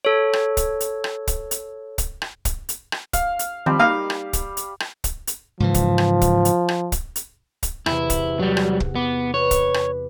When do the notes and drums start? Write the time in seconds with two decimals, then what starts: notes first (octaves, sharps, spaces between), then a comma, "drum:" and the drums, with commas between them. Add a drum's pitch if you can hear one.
0.05 A4 C#5
0.33 drum: rim click
0.57 drum: kick, hi-hat
0.80 drum: hi-hat
1.04 drum: rim click
1.27 drum: kick, hi-hat
1.51 drum: hi-hat
1.98 drum: kick, hi-hat
2.22 drum: rim click
2.45 drum: kick, hi-hat
2.69 drum: hi-hat
2.92 drum: rim click
3.13 F5, drum: kick, hi-hat
3.39 drum: hi-hat
3.66 D#3 F3 G3 C4
3.79 A#3 D#4 F5
4.10 drum: rim click
4.33 drum: kick, hi-hat
4.57 drum: hi-hat
4.80 drum: rim click
5.04 drum: kick, hi-hat
5.27 drum: hi-hat
5.60 G#2 C#3 E3 F3
5.74 drum: kick, hi-hat
5.98 drum: rim click
6.21 drum: kick, hi-hat
6.45 drum: hi-hat
6.69 drum: rim click
6.92 drum: kick, hi-hat
7.16 drum: hi-hat
7.63 drum: kick, hi-hat
7.86 E2 C3 E4, drum: rim click
8.10 drum: kick, hi-hat
8.40 F#3 G3 F#5
8.57 drum: rim click
8.80 drum: kick
8.95 B3 D6 B6
9.34 B4 C#5
9.51 drum: kick, hi-hat
9.74 drum: rim click